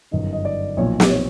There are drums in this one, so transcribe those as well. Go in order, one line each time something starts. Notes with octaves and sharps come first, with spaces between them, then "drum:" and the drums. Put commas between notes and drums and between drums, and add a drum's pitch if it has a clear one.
G1 F#2 D#3 D#5
D#5
D5
B1 A#2 F3 C#5
drum: snare
C#5